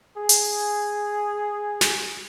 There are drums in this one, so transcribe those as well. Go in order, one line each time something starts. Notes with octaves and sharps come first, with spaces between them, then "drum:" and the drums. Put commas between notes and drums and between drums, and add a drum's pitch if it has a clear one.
G#4
drum: hi-hat
drum: snare